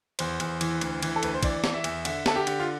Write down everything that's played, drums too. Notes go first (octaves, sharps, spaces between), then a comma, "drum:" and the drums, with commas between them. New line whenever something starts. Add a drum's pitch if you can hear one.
E2 C5, drum: cymbal
E2, drum: cymbal
E3, drum: cymbal
D2, drum: cymbal
E3, drum: cymbal
A4
D2 B4, drum: cymbal
C5
E3 D5, drum: kick, cymbal
E3, drum: snare
E5
E2, drum: cymbal
D3 E5, drum: cymbal
D3 A4, drum: snare
G4
D3, drum: cymbal
F4